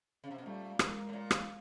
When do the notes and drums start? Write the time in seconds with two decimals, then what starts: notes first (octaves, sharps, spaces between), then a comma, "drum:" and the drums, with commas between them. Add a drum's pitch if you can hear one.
0.24 C#3
0.31 C3
0.38 B2
0.45 A#2 G3 A3
0.79 G#3 A#3, drum: rim click
1.09 A2
1.13 A#2
1.31 drum: rim click